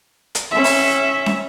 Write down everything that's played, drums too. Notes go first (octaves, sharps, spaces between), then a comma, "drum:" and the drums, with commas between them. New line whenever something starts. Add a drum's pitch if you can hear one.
drum: hi-hat
C#4 E5
drum: open hi-hat
drum: snare